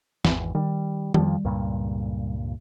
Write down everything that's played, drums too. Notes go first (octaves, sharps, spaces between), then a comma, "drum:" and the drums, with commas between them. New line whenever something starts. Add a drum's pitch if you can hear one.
G#1 E2, drum: snare
D#3 G3
F2 F3 G3, drum: tom D#3
C#2 G2 A#2